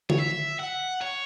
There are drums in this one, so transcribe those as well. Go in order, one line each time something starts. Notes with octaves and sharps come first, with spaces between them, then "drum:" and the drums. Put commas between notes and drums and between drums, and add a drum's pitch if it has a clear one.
C#5, drum: tom D3
E5
F#5
C#5